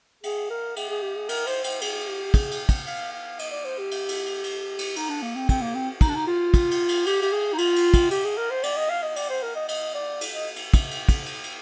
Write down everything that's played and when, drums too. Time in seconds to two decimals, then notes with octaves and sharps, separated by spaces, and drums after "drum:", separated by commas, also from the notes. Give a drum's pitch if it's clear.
0.24 G#4, drum: cymbal
0.50 A#4
0.76 G#4, drum: cymbal
0.90 G#4
1.02 G4
1.16 G#4
1.29 A#4, drum: cymbal
1.47 C5, drum: cymbal
1.64 C5, drum: cymbal
1.81 G#4, drum: cymbal
2.08 G4
2.34 G#4, drum: kick, cymbal
2.51 drum: cymbal
2.69 drum: kick, cymbal
2.87 F5, drum: cymbal
3.13 F5
3.39 D#5, drum: cymbal
3.52 D5
3.65 C5
3.78 G4
3.91 drum: cymbal
4.09 drum: cymbal
4.26 drum: cymbal
4.44 drum: cymbal
4.79 drum: cymbal
4.96 D#4, drum: cymbal
5.09 D4
5.22 A#3
5.36 C4
5.49 C4, drum: kick, cymbal
5.62 A#3
5.75 C4
6.01 D#4, drum: kick, cymbal
6.09 D4
6.15 D#4
6.27 F4
6.54 drum: kick, cymbal
6.71 drum: cymbal
6.89 drum: cymbal
7.06 G4, drum: cymbal
7.22 G4, drum: cymbal
7.32 G#4
7.53 D#4
7.58 F4, drum: cymbal
7.76 drum: cymbal
7.94 drum: kick, cymbal
8.11 G4, drum: cymbal
8.25 G#4
8.37 A#4
8.50 C5
8.63 D5, drum: cymbal
8.77 D#5
8.90 F5
9.03 D#5
9.16 D5, drum: cymbal
9.29 C5
9.42 A#4
9.56 D#5
9.69 D#5, drum: cymbal
9.95 D5
10.21 drum: cymbal
10.34 D#5
10.56 drum: cymbal
10.74 drum: kick, cymbal
10.91 drum: cymbal
11.09 drum: kick, cymbal
11.26 drum: cymbal
11.44 drum: cymbal